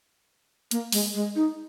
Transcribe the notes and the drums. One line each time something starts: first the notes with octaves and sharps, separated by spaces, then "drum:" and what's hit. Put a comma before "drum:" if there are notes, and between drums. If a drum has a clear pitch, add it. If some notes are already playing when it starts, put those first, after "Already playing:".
A#3, drum: hi-hat
G#3, drum: open hi-hat
G#3
D#4